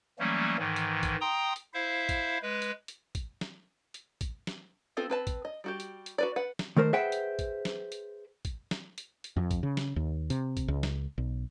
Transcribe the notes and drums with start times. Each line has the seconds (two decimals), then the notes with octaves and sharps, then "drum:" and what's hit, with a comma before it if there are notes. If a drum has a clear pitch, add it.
0.19 E3 F#3 G3 A3 A#3 C#4
0.58 G#2 D#3 E3
0.76 drum: hi-hat
1.03 drum: kick, hi-hat
1.21 G5 A#5 C6 D#6
1.56 drum: hi-hat
1.74 E4 C5 E5 F5
2.09 drum: kick, hi-hat
2.42 G#3 B4
2.62 drum: hi-hat
2.88 drum: hi-hat
3.15 drum: kick, hi-hat
3.41 drum: snare
3.94 drum: hi-hat
4.21 drum: kick, hi-hat
4.47 drum: snare
4.97 B3 C4 F4 A4
5.10 C4 B4 A5
5.27 drum: kick, hi-hat
5.45 D#5
5.64 G3 F#4 G4
5.80 drum: hi-hat
6.06 drum: hi-hat
6.18 F#4 B4 D5
6.36 B4 F#5
6.59 drum: snare
6.77 D#3 A3 A#4 C5
6.93 G#4 B4 C5 E5 F#5 G5
7.12 drum: hi-hat
7.39 drum: kick, hi-hat
7.65 drum: snare
7.92 drum: hi-hat
8.45 drum: kick, hi-hat
8.71 drum: snare
8.98 drum: hi-hat
9.24 drum: hi-hat
9.36 F2
9.51 drum: kick, hi-hat
9.63 C#3
9.77 drum: snare
9.96 D#2
10.30 C3, drum: hi-hat
10.57 drum: kick, hi-hat
10.68 C#2
10.83 drum: snare
11.18 B1